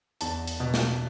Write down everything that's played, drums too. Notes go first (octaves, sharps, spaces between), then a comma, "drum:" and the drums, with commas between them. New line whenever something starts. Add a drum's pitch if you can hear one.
E2 A5, drum: hi-hat
drum: hi-hat
B2
drum: snare